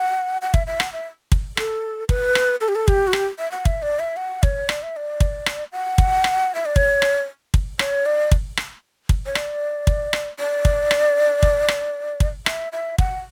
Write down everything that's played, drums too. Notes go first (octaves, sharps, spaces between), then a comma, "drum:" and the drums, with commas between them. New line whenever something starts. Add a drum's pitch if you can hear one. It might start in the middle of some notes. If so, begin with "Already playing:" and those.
Already playing: F#5
F#5
E5, drum: kick
E5
F#5, drum: rim click
E5
drum: kick
A4, drum: rim click
B4, drum: kick
drum: rim click
A4
G4
A4
G4, drum: kick
F#4
G4, drum: rim click
E5
F#5
E5, drum: kick
D5
E5
F#5
C#5, drum: kick
D5, drum: rim click
E5
D5
drum: kick
drum: rim click
F#5
drum: kick
drum: rim click
E5
D5
C#5, drum: kick
drum: rim click
drum: kick
C#5, drum: rim click
D5
drum: kick
drum: rim click
drum: kick
C#5
D5, drum: rim click
drum: kick
drum: rim click
D5
drum: kick
drum: rim click
drum: kick
drum: rim click
drum: kick
E5, drum: rim click
E5
F#5, drum: kick